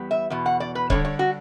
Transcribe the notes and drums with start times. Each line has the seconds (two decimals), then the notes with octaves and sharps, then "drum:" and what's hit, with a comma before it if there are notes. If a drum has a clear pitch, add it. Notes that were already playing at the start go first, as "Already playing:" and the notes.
Already playing: E2 G3 B3
0.11 E5
0.30 E2 B2
0.46 F#5
0.60 D5
0.75 B4
0.90 D3 G3 D4 C#5, drum: kick C#1
1.05 C#5
1.19 F#4